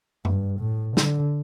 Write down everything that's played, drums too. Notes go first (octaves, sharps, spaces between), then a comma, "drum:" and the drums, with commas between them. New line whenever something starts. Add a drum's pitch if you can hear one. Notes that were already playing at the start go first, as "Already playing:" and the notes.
G2, drum: tom F#2
A2
D3, drum: snare